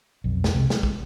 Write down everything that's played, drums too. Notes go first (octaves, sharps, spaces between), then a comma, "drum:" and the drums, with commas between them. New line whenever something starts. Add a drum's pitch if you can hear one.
B1 F2
drum: snare
C2 C3 G3 G#3
G#3, drum: snare
drum: kick